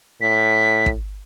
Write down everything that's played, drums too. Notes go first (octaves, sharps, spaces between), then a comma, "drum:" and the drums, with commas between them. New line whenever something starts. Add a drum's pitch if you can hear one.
A2 B6
drum: kick